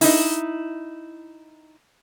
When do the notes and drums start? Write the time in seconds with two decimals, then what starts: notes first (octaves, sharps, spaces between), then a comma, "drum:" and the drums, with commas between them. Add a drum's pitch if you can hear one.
0.01 D#4 E4, drum: open hi-hat